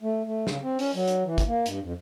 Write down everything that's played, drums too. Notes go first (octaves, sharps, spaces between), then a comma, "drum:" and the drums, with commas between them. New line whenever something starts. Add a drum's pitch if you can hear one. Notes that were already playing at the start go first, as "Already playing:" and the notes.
A3
A3
C#3, drum: snare
C4
C#4, drum: open hi-hat
F#3
drum: hi-hat
E3
drum: kick, hi-hat
A#3
G2, drum: hi-hat
F2